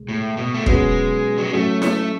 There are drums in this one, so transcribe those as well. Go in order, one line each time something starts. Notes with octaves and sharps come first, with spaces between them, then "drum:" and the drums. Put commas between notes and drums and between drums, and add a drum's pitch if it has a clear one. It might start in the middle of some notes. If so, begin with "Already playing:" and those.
Already playing: C#2 B2 G#3
A2
B2
A3
B2 F#3 G#3 C#4 F#4 B4, drum: kick
F#3
G#3
A2 F#3 A3 C#4
A3, drum: snare E4